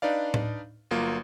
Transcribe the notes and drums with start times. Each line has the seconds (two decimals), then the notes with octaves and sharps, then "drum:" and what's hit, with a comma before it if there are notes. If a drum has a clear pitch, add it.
0.02 D4 D#4 B4 D5 F5
0.34 drum: tom A2
0.91 G1 F#3 A#3 F4